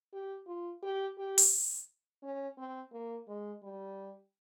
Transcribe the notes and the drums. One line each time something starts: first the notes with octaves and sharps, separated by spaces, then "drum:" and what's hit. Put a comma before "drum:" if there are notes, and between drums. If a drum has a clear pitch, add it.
G4
F4
G4
G4
drum: open hi-hat
C#4
C4
A#3
G#3
G3